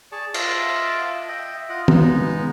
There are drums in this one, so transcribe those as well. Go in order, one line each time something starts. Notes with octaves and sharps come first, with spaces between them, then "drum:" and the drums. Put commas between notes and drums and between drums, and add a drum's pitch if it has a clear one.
G#4 D5 A5 C#6
F4 D#5 E5 A5 D6, drum: cymbal
D#5 E5 G5
F4 D#5 F#5
G#3 B3 D#4, drum: tom